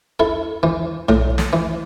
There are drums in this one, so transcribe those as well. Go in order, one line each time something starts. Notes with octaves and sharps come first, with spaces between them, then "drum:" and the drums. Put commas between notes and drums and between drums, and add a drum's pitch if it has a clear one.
E4 A4
E3
A2, drum: tom B1
drum: snare
E3